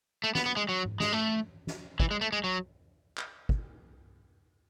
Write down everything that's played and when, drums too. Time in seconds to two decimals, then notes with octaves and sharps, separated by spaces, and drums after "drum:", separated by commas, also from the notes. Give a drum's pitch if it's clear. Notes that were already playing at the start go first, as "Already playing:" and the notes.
0.24 A3
0.35 B3, drum: snare
0.46 B3
0.57 G#3
0.69 F#3
0.85 drum: tom G#2
1.00 G#3, drum: snare
1.13 A3
1.67 drum: snare
2.00 E3, drum: kick
2.11 G#3
2.21 A3
2.32 G#3
2.44 F#3
3.18 drum: clap
3.49 drum: kick